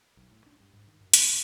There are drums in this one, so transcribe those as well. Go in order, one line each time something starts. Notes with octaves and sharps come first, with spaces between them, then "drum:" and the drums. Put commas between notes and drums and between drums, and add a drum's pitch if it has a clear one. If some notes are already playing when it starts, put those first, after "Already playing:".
B1
A2
D4
G2
G#2
D#3
F#2
C3, drum: hi-hat
C#2